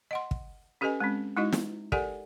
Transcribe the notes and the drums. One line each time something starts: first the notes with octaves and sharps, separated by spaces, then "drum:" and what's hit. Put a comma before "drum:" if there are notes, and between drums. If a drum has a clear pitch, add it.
D#5 F#5 C6
drum: kick
C#4 G4 A4 B4 D#5 G#5
G#3 C4 C#4
G#3 D#4 E4 F#4 D#5
drum: snare
G4 A4 A#4 D5 F#5 G#5, drum: kick